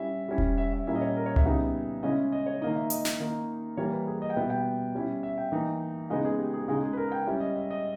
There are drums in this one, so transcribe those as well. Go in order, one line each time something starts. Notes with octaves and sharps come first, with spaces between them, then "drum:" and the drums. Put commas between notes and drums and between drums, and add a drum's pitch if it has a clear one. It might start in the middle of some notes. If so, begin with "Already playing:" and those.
Already playing: G3 C#4 E4 E5
G3 C#4 E4
drum: kick E1
E5
E5
A#2 G3 A#3 C#4 E4 E5
D#5
C#5
A#4
C#5
E5, drum: tom C2
C#3 G3 B3 D#4
C#3 G#3 C#4 E4 D#5
D#5
C#5
D#3 A#3 D#4 D#5
E5
D#5, drum: hi-hat
drum: snare
D#3 A#3 D#4
E3 G3 A#3 C#5
B4
G#4
D#5
G5
B2 G3 B3 E4 E5
G5
G3 C#4 E4
E5
G5
E3 A#3 D#4
C#3 G#3 B3 D#4 D#5
G#4
G4
G#4
C#3 G#3 D#4 G#4
G#4
B4
A#4
G5
G3 C#4 E4 E5
D#5
E5
D#5